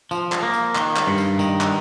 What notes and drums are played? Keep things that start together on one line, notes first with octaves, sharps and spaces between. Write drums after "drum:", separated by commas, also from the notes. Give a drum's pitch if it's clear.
F3, drum: tambourine
drum: clap
A#3
drum: tambourine
D#3, drum: clap
drum: clap
G2
drum: tambourine
D#3, drum: tambourine
drum: clap